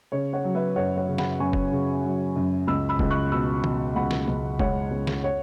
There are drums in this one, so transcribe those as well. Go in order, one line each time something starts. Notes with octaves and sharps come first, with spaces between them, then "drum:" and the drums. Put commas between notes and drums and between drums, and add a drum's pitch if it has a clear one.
C#3 C#5
C#5 F#5
F#3
B4 E5
F#2 C#5 F#5
C#5 F#5
C#3
F#5 B5, drum: snare
F#2 G#5 C#6
drum: kick
C#3
F#3
F#2
C#2 B5 E6
B5 E6
C#2, drum: kick
C#6 F#6
B2 B5 E6
B2, drum: tom
C#2 F#5 B5
drum: snare
C#2
G#3 C#5 F#5, drum: kick
C#2
drum: snare
C#5 F#5